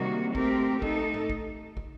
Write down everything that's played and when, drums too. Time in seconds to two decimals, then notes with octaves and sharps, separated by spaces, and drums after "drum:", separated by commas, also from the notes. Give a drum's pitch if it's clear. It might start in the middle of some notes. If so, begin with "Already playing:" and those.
Already playing: C3 D#3 G3 A#3 F#4
0.35 A3 C4 G4 A#4, drum: kick
0.82 A3 D#4 A4, drum: kick
1.14 drum: tom G#2
1.30 drum: kick
1.77 drum: kick